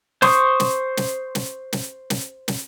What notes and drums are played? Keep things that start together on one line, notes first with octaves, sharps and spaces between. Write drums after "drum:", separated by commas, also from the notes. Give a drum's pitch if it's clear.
C5 C6 C#6 D#6, drum: snare
drum: snare
drum: snare
drum: snare
drum: snare
drum: snare
drum: snare